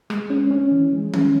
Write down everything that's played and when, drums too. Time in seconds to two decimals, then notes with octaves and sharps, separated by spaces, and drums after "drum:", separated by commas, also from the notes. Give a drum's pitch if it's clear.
0.10 G#3, drum: rim click
0.30 C#4
0.51 C#4
0.72 E3
0.93 G#3
1.13 C#4, drum: tom D#3